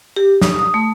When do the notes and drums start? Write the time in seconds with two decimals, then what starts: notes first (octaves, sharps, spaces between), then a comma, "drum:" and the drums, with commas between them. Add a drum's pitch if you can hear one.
0.16 G4
0.42 D#6, drum: snare
0.59 D#6
0.74 A3